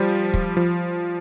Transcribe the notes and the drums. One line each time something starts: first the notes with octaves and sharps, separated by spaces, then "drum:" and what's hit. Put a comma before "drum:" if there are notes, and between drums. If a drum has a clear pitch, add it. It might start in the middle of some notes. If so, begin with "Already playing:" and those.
Already playing: F3 G3
drum: kick
F3